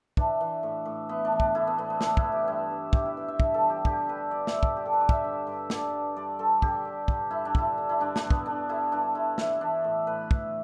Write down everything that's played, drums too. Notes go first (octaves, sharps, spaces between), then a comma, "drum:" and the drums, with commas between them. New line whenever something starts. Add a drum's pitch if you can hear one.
E3 D4, drum: kick
E3
A2
A2
E3 B3
D4
E3
D4, drum: kick
A2 E4
B3
A2 B3
B3
E3 D4, drum: snare
E4, drum: kick
E3
G4
G2 E4
G2
E3 G4, drum: kick
E4
E3
E5
G2 E5, drum: kick
A4
G2
G4
D3 G4, drum: kick
D3 B4
G2 D5
E5, drum: snare
G2
D5, drum: kick
D3 G4
A4
B4
D3 D5
E5, drum: kick
G2
G2
D3 D5, drum: snare
D3
G2 D5
G2 A4
D3 G4, drum: kick
D3
G2, drum: kick
G2 E4
D4
D3 E4, drum: kick
D3
E4
G2 D4
D4, drum: snare
G2
B3, drum: kick
D3 D4
D3 E4
G2 D4
G2 E4
E3 E4, drum: snare
E3 D4
A2
A2 B4
E3, drum: kick